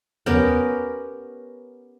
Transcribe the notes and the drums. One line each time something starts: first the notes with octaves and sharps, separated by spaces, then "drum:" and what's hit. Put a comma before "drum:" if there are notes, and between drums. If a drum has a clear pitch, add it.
B3 C#4 G4 A#4, drum: tom D#2